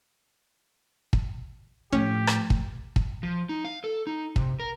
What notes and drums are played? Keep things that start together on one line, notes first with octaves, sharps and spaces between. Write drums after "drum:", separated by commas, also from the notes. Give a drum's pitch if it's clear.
drum: kick
A2 F3 A3 C#4 G4
drum: rim click
drum: kick
drum: kick
F3
D#4
F5
A4
D#4
C3, drum: kick
A#4